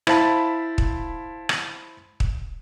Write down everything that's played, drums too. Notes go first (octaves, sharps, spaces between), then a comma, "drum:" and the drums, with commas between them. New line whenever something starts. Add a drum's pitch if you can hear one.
E4 C5 F5 A5 B5, drum: rim click
drum: kick
drum: rim click
drum: kick